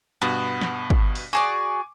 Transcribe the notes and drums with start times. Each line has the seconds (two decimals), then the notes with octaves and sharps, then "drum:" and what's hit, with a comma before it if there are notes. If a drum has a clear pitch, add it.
0.22 G2 B2 B3 F#4
0.61 drum: snare
0.90 drum: kick
1.15 drum: open hi-hat
1.33 F#4 G#4 D5 G#5 C#6 D6